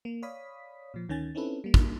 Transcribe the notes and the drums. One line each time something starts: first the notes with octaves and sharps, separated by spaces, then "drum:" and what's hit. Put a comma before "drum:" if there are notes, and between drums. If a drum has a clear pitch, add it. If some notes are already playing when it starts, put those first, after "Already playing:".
A#3
C#5 D5 F5 B5 D#6 B6
A#2 F3
D2 D#3 C#4 G#5 A6
C4 C#4 D#4 E4 A4 B4
G3 A#3
drum: kick